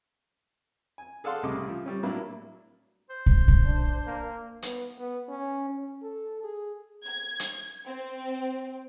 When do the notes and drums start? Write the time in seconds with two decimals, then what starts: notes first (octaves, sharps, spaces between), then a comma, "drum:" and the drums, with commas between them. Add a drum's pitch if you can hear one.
0.98 G#5
1.24 G#4 A4 D5 F5 F#5 C6
1.43 C2 A2 C#3 D#5 D6
1.68 F3
1.86 G3 C#4
2.03 A2 F#3 A#3 D4 E4
3.10 C5
3.26 drum: kick
3.48 drum: kick
3.66 D4
4.07 A#3
4.62 B3, drum: hi-hat
4.98 B3
5.29 C#4
5.69 C#4
6.03 A4
6.43 G#4
7.05 G#6
7.40 drum: hi-hat
7.87 C4